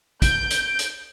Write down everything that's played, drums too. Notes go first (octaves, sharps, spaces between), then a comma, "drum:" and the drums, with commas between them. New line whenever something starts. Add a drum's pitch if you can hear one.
G6 D7, drum: kick, hi-hat
drum: hi-hat
drum: hi-hat